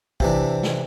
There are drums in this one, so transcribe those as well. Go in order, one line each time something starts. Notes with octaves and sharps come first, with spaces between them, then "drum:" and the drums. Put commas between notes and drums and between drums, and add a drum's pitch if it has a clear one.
C3 E3 D4, drum: kick
drum: snare